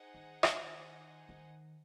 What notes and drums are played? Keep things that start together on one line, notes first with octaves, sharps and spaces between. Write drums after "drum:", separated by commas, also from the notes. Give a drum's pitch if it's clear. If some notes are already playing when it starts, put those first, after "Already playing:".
Already playing: D#4 G#4 C5 D#5 F#5
D#3
D#3, drum: rim click
D#3